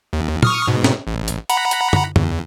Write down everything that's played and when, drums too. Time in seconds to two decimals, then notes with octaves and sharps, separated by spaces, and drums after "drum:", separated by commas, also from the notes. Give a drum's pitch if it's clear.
0.13 D#2
0.43 C#6 D#6 F6, drum: tom
0.67 G#2 B2
0.84 drum: snare
1.07 A1
1.28 drum: hi-hat
1.50 F#5 A#5 B5, drum: hi-hat
1.71 drum: hi-hat
1.93 drum: tom
2.16 E2, drum: tom